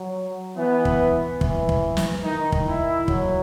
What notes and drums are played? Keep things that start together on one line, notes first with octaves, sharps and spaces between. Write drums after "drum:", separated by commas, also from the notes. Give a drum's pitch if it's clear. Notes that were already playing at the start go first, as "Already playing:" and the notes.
Already playing: F#3
E3 B3
drum: kick
E3, drum: kick
drum: kick
drum: snare
D#3 D#4
drum: kick
E4
F#3, drum: kick